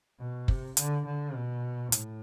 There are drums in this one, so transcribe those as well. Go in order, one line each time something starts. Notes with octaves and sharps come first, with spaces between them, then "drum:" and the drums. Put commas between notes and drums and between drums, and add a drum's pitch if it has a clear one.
B2
C3, drum: kick
D3, drum: hi-hat
D3
B2
A2, drum: hi-hat